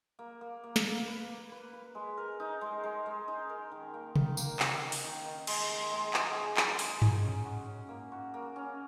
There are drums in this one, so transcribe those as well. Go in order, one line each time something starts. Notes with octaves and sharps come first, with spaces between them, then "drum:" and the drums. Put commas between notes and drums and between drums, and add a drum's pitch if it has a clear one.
A#3
A#3
A#3
drum: snare
A#3
B4
A#3
B4
B4
G#3
A#4
D#4
G#3
G#3
G#3
D#4
A#4
D#3
A#3
D#3, drum: tom C3
A#3, drum: tambourine
D#3, drum: clap
D#3
drum: open hi-hat
D#3
D#3
G#3, drum: cymbal
G#3
G#3
G#4, drum: clap
G#4
G#4, drum: clap
G#3, drum: open hi-hat
D#4, drum: tom G2
C#4
F#4
C#4
A#3
F#4
A#3
C#4